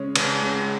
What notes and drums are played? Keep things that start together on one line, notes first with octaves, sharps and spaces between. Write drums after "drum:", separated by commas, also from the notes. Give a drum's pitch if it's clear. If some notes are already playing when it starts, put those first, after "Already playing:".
Already playing: C#3 G#3 C#4
C#3, drum: cymbal
G#3 C#4